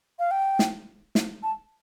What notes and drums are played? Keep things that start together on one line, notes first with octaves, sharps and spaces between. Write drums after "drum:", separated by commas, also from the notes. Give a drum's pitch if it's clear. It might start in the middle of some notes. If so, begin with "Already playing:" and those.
F5
G5
drum: snare
drum: snare
A5